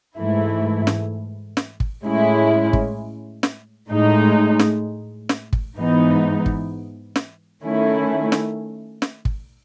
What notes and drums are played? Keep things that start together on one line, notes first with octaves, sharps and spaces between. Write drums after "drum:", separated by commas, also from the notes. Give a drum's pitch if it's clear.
G#2 E3 A3 E4
drum: snare
drum: snare
drum: kick
A2 G#3 C#4 E4
drum: kick
drum: snare
A2 G#3 D#4
drum: snare
drum: snare
drum: kick
G#2 E3 B3 D#4
drum: kick
drum: snare
D#3 A3 C#4 E4
drum: snare
drum: snare
drum: kick